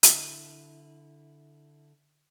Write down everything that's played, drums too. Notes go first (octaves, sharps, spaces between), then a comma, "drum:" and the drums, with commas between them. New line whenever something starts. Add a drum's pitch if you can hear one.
D3 E4, drum: hi-hat